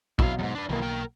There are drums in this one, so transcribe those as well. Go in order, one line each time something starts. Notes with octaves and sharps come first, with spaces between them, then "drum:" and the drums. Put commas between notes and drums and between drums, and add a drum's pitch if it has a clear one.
B2 F#3 E4 F5, drum: kick A#1
E2 G#2
D4 B4
B1 D#3 E3 A#3
A#4 G5